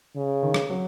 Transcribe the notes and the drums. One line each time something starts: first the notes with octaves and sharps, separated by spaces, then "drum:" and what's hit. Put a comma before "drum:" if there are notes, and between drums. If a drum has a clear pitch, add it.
C#3
D#3
drum: rim click
F#3